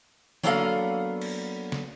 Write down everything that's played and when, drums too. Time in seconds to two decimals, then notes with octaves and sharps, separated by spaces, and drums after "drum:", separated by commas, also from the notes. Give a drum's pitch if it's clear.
0.43 F#3 A#3 B3 D4 A4 F5, drum: tom D3
1.21 drum: cymbal
1.72 drum: snare